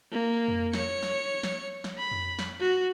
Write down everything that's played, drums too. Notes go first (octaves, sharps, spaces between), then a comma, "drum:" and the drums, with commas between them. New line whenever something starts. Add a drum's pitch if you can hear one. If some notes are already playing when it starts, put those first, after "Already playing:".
A#3
drum: tom F2
C#5 C#7, drum: snare
drum: snare
drum: snare
drum: snare
B5
drum: tom F2
drum: snare
F#4